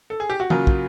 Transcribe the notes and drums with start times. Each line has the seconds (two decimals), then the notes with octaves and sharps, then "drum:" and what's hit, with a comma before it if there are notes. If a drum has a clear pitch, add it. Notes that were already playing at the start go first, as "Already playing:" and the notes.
0.10 A4
0.20 G#4
0.30 G4
0.40 F#4
0.50 C#3 F#3 A#3 F4, drum: tom
0.67 drum: kick